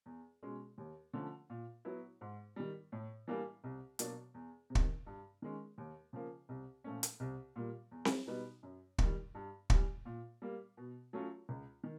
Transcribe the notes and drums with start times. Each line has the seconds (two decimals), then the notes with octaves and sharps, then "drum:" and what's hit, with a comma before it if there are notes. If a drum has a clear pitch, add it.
0.06 E2
0.43 B2 G#3 C#4
0.78 D#2
1.13 D3 F3 A3 C#4
1.50 A#2
1.85 F#3 B3 E4
2.21 G#2
2.56 D#3 G3
2.92 A2
3.28 E3 G3 A#3 D4
3.64 C2
3.99 B2 F#3 A#3 D4, drum: hi-hat
4.34 E2
4.70 C3
4.75 D#3, drum: kick
5.07 G2
5.42 D#3 G#3 C#4
5.78 D#2
6.13 C#3 F3 A#3
6.49 C2
6.84 A#2 F3 A3 C#4
7.03 drum: hi-hat
7.20 C2
7.56 A#2 G3 A#3
7.91 E2
8.05 drum: snare C4
8.27 B2 G3 B3 D#4
8.63 F#2
8.98 D#3 G3, drum: kick
9.35 G2
9.70 E3 G3, drum: kick
10.05 A#2
10.42 G3 A#3
10.77 B2
11.13 F#3 A3 C#4 F4
11.49 C#2
11.83 D#3